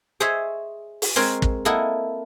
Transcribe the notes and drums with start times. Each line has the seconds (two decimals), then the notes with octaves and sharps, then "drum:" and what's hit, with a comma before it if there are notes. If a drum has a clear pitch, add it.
0.20 G#4 C5 C#5 D#5 E5 G#5
1.02 drum: open hi-hat
1.16 G#3 C4 A#4 C5 C#5
1.42 drum: kick
1.65 A#3 E4 A4 A#4 D#5 F#5